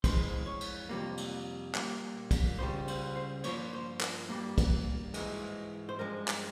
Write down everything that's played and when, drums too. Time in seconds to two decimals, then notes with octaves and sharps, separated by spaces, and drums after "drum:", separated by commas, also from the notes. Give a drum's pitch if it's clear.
0.04 F2 E3 G#3 C5, drum: kick, cymbal
0.46 C#5
0.61 drum: cymbal
0.89 F2 C3 G3 A#3
1.17 drum: cymbal
1.75 A#2 G3 A#3, drum: clap
2.31 drum: kick, cymbal
2.59 C#2 C#3 G3 C5
2.88 C5, drum: cymbal
3.16 C5
3.44 G2 F3 A#3 C#5, drum: cymbal
3.73 C5
4.00 A#4, drum: clap
4.29 G2 G3 A#3
4.58 drum: kick, cymbal
5.14 G#2 E3 G#3, drum: cymbal
5.89 C5
5.99 G2 F3 G#3 A#4
6.28 drum: clap